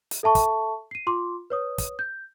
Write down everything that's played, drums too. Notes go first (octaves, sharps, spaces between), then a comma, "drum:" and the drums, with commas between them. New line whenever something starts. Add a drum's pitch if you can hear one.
drum: hi-hat
A4 E5 A5 C#6
drum: kick, hi-hat
C7 D#7
F4 C6 D6
B4 C#5 D#6
drum: kick, hi-hat
G6